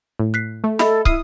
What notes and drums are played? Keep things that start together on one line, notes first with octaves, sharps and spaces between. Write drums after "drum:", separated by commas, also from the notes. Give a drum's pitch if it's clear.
A2
F#6 B6 C7
A3
A4 D#5 E5 B5, drum: snare
E4 D#6 F6 C7 D#7, drum: kick